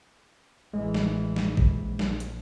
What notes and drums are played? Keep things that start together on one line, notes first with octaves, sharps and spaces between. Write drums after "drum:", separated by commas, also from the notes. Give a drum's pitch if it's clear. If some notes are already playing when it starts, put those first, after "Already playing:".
A1 E3 G#3
drum: snare
drum: snare
drum: kick G#1
A#1
drum: snare
drum: hi-hat